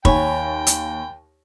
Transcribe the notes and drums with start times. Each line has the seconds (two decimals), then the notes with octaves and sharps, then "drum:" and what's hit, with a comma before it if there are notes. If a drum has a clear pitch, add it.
0.05 D#2 C#5 G5 G#5 B5, drum: kick
0.67 drum: hi-hat